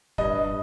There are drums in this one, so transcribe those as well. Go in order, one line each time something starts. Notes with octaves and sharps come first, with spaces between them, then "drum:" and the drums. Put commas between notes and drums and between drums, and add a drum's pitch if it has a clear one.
G2 D#5, drum: kick F1